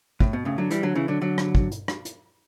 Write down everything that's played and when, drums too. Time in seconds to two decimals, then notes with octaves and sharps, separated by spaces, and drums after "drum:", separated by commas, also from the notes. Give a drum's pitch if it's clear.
0.20 A2, drum: kick
0.33 B2
0.45 A2 C#3
0.58 D3 F#3
0.71 E3 G3, drum: hi-hat
0.83 D3 F#3
0.95 C#3 E3
1.08 D3 F#3
1.21 D3 F#3
1.38 drum: rim click
1.55 drum: kick
1.71 drum: hi-hat
1.88 drum: rim click
2.05 drum: hi-hat